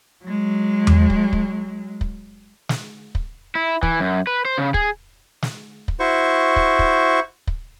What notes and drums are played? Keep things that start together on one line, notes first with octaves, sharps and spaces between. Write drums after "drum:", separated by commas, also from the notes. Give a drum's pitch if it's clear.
F#3 G#3
drum: tom E2
drum: kick
drum: kick
drum: kick
drum: snare
drum: kick
E4
E3, drum: kick
F#2
B4
C5
C#3
G#4, drum: kick
drum: snare
drum: kick
E4 F#4 C5 C#6
drum: kick
drum: kick
drum: kick